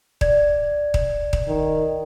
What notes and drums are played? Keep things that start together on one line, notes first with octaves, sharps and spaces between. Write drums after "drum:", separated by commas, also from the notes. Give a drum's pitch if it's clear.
D5 G#6, drum: kick D#1
drum: kick D#1
drum: kick D#1
D#3